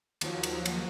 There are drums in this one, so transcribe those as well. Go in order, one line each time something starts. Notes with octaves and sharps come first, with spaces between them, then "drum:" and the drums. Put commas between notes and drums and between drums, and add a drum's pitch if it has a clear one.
D#2 F3 F#3, drum: cymbal
drum: cymbal
drum: cymbal